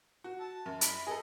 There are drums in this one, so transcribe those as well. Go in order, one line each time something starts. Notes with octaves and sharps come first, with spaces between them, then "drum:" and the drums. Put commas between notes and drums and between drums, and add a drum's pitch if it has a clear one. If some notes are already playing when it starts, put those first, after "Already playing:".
F#4
A5
F#2
B5, drum: hi-hat
G#4 A4 D#5